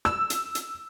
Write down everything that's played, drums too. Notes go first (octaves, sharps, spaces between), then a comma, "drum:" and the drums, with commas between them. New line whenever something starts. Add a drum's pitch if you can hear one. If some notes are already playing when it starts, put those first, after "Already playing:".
E6, drum: rim click
drum: hi-hat
drum: hi-hat